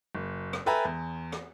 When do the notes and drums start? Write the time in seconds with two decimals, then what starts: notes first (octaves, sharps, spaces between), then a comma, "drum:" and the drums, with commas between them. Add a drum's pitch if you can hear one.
0.15 F#1
0.53 drum: rim click
0.66 A4 B4 E5 G5 G#5 A#5
0.85 E2
1.32 drum: rim click